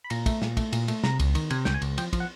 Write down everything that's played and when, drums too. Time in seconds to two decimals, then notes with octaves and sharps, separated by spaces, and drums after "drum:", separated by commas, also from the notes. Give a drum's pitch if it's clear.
0.04 B5
0.10 A#2 A#5, drum: cymbal
0.26 A3, drum: kick, cymbal
0.42 A#2, drum: snare
0.57 A3, drum: kick, cymbal
0.73 A#2, drum: cymbal
0.88 A3, drum: cymbal
1.04 C3 A#5, drum: snare
1.19 C#2, drum: cymbal
1.35 D#3, drum: cymbal
1.50 C3 G#5, drum: cymbal
1.65 C#2 G5, drum: snare
1.74 G#5
1.82 C#2, drum: cymbal
1.98 F3 G5, drum: cymbal
2.13 F3, drum: kick, cymbal
2.20 F#5